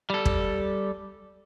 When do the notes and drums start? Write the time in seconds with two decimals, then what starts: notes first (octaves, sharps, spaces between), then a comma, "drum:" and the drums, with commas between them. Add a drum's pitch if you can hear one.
0.10 G3 A4
0.25 drum: kick